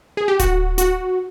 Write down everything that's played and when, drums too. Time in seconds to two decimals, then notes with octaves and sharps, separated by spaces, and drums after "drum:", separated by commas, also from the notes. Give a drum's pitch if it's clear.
0.17 G#4
0.28 G4
0.39 F#4, drum: kick D1, hi-hat
0.78 F#4, drum: hi-hat